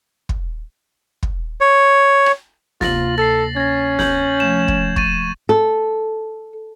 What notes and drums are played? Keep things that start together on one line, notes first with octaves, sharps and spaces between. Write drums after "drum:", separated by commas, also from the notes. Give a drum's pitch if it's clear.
drum: kick
drum: kick
C#5
drum: rim click
D2 C3 A#3 F4 A6 A#6 F#7, drum: snare
A4 A6 C7
C#4 G#6 A#6
G6 G#6 F#7, drum: snare
F3 A3 E7
drum: kick
C#6 A6 D#7, drum: kick
A4